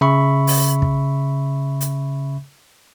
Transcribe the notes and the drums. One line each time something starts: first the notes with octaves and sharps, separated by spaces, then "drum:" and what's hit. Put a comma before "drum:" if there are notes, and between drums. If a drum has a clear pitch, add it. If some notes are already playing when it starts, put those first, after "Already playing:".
C#3 E5 B5 C#6
drum: open hi-hat
drum: kick
drum: hi-hat